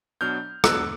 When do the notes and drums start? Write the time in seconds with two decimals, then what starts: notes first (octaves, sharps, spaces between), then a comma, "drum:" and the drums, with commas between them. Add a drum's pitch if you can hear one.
0.21 B2 F#3 B3 D4 F6 G6
0.64 B2 F#3 B3 D4 E6 F#6, drum: rim click